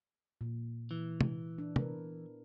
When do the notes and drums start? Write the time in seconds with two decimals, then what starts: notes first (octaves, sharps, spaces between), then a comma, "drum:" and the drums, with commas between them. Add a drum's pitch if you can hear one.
0.41 A#2
0.91 E3
1.21 drum: tom
1.58 D4 E4
1.76 B3 A#4 B4, drum: tom